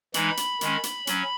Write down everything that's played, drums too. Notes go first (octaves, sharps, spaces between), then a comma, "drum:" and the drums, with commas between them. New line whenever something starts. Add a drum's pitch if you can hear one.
E3 G#3 D#4 B5, drum: hi-hat
drum: hi-hat
D#3 G#3 C#4, drum: hi-hat
drum: hi-hat
F#3 C#4, drum: hi-hat